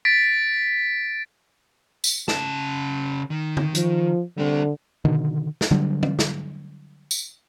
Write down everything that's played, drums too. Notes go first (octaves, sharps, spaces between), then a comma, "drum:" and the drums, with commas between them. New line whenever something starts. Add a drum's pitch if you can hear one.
A6 B6 D7
drum: tambourine
C#3 A5, drum: snare
D#3
drum: tom D3
F3, drum: hi-hat
D3 G3 C4
B2 D3 D#3
drum: snare
D3 F#3 G3
drum: tom
drum: snare
drum: tambourine